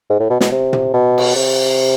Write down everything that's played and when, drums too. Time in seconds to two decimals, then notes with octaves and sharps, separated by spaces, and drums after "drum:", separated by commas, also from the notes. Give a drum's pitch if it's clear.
0.10 G#2
0.20 A2
0.30 B2
0.40 B2, drum: snare
0.52 C3
0.73 drum: tom
0.94 B2
1.18 drum: cymbal
1.35 C3